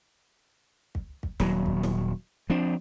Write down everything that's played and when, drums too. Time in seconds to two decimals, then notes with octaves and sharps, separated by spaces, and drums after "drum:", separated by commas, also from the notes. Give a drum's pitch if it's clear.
0.95 drum: kick
1.23 drum: kick
1.40 D#1 F#3, drum: snare
1.66 drum: kick
1.83 drum: snare
2.50 F3 C4 D4